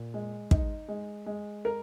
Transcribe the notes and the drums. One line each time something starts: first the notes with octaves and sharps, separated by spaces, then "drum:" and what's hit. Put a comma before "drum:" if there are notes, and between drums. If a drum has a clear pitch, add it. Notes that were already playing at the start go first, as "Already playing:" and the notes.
Already playing: A#2
G#3
D#4, drum: kick
G#3
G#3
A#4